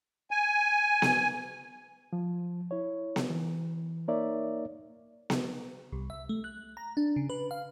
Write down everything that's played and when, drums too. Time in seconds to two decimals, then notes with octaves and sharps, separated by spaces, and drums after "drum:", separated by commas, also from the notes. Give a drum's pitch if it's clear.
0.31 G#5
1.02 drum: snare B3
2.13 F3
2.71 E4 C#5
3.16 drum: snare B3
3.30 E3
4.08 A#3 D#4 A#4 C#5 D5 E5
5.30 drum: snare B3
5.92 C2
6.10 E5
6.29 A3
6.44 F#6
6.77 A#5
6.97 D4
7.16 C#3
7.30 B4
7.51 F5